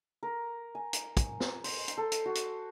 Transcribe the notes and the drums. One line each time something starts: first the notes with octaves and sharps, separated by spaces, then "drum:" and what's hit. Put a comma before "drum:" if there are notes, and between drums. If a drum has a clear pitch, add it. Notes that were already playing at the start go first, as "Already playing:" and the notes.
A#4
G#5
drum: hi-hat
drum: kick, hi-hat
drum: snare
C5, drum: open hi-hat
drum: hi-hat
A4
drum: hi-hat
F#4
drum: hi-hat